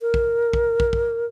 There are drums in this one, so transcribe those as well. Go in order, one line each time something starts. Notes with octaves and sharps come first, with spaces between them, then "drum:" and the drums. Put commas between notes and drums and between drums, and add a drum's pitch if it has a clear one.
A#4
drum: kick
drum: kick
drum: kick
drum: kick